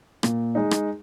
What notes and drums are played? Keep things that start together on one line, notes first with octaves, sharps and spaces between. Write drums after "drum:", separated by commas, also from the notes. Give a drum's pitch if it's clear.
A#2, drum: rim click
G#3 D#4
drum: rim click